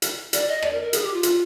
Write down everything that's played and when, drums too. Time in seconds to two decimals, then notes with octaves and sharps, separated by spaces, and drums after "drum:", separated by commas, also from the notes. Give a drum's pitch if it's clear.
0.02 drum: hi-hat
0.33 D5, drum: hi-hat
0.48 D#5
0.62 D5, drum: rim click
0.72 A#4
0.83 A#4
0.93 G#4, drum: hi-hat
1.03 G4
1.13 F4
1.23 drum: hi-hat